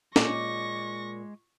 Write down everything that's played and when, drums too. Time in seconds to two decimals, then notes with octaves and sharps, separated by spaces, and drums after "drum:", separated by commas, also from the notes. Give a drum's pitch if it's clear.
0.16 A#2 G#3 C#4 D#5 C#6 D6 A#6, drum: snare